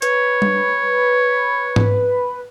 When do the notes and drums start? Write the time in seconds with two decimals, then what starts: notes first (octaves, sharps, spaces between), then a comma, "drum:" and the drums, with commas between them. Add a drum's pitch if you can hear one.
0.02 B4 C#5, drum: hi-hat
0.42 drum: tom G3
1.76 drum: tom G#2